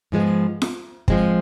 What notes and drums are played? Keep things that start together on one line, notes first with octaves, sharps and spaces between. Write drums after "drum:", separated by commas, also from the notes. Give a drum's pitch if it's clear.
G#2 F3 G#3 B3
drum: snare F4
F3 G#3 C4, drum: kick